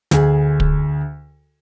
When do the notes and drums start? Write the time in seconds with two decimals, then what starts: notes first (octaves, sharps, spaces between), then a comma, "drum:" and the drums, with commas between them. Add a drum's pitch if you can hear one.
0.11 D2 G#4, drum: snare
0.60 drum: kick